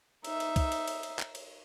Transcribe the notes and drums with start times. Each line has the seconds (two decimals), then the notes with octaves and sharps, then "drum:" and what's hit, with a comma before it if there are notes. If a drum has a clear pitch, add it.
0.25 D#4 E5, drum: cymbal
0.40 drum: cymbal
0.56 drum: kick, cymbal
0.72 drum: cymbal
0.88 drum: cymbal
1.03 drum: cymbal
1.19 drum: clap
1.35 drum: cymbal